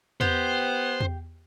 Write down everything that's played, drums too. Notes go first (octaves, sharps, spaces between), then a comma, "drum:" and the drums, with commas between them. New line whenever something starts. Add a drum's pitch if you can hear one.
B3 G4 C5, drum: tom E2
drum: tom E2